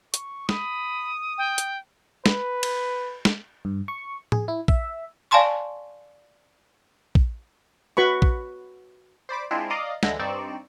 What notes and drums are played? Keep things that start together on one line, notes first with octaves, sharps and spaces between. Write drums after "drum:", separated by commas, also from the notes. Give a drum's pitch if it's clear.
C#6, drum: hi-hat
B5 D#6, drum: snare
G5
drum: hi-hat
B4, drum: snare
drum: cymbal
drum: snare
G2
C#6
G#4, drum: tom A2
E4
E5, drum: kick
D5 F5 G#5 A5 C6 C#6
drum: kick
F#4 B4 B5 C#6
drum: kick
C5 D5 B5 D6
G#3 C4 D4 E4 F4
D5 D#5 F5 A#5 D6 D#6
D2 D3 E3 G#3 E6 A#6, drum: snare
G2 C4 D#4 D5 C#6 E7